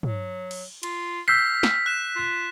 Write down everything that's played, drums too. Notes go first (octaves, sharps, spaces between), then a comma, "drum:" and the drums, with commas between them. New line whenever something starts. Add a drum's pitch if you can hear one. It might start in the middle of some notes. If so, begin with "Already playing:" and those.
F#3, drum: tom
drum: cymbal
F4, drum: cymbal
E6 F6 G6 B6 C7
drum: snare
F#6 E7
F4